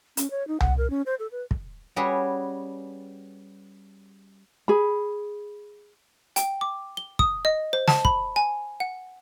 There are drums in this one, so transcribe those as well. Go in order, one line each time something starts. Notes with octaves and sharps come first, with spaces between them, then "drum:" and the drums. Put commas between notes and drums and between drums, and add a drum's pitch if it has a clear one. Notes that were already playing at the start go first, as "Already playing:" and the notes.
C#4, drum: hi-hat
C#5
D#4
F#5, drum: tom C2
A#4
C#4
C5
A4
B4
drum: kick
G3 C#4 F#4 G#4 B4
G#4 B5
G5, drum: hi-hat
D6
G7
D#6, drum: kick
D#5
C5
A5, drum: snare
B5, drum: kick
G#5
F#5